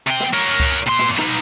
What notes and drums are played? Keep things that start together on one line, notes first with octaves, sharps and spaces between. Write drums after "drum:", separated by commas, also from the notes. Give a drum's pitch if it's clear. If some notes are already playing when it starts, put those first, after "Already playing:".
C3 G5
drum: snare
A#4 C#5
drum: kick C#2
A#2 C6
drum: snare
B3 D#4, drum: snare